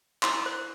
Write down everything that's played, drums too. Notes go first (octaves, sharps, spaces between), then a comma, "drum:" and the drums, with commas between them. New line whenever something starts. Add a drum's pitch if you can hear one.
E4 C6, drum: clap
C5